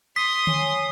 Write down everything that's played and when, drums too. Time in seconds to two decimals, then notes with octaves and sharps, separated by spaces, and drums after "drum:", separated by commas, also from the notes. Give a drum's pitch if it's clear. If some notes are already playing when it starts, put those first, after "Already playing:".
0.16 C6 D#6 B6
0.47 C#5 G#5, drum: tom D3